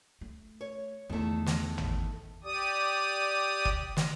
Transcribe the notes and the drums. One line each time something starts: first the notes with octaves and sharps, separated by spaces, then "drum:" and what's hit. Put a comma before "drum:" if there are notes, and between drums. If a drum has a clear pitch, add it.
A3
C#5
E2 D3 D#3 A3
drum: snare
drum: tom
G4 D5 D#6
drum: kick F#1
drum: snare